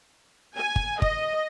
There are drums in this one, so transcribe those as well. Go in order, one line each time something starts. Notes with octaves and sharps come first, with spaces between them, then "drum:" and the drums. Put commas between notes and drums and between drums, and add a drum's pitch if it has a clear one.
G#5
drum: kick G1
D#5, drum: kick G1